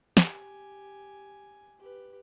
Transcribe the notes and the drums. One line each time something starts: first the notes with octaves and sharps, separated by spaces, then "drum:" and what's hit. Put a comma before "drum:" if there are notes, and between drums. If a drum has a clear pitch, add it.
G4 G#5, drum: snare
G4 B4